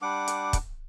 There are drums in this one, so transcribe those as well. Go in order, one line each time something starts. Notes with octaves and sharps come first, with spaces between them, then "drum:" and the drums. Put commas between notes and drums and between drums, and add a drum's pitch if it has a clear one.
G3 D4 F#5 D6
drum: hi-hat
drum: kick, hi-hat